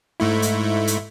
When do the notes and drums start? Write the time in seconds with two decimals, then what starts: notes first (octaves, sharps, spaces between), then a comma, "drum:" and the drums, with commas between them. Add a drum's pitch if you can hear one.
0.20 G#2 A3 E4
0.42 drum: hi-hat
0.87 drum: hi-hat